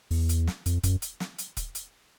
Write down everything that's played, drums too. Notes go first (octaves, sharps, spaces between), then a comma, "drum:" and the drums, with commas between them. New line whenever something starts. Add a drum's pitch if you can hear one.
E2, drum: open hi-hat
drum: hi-hat
drum: snare
F2, drum: hi-hat
F#2, drum: kick, hi-hat
drum: hi-hat
drum: snare
drum: hi-hat
drum: kick, hi-hat
drum: hi-hat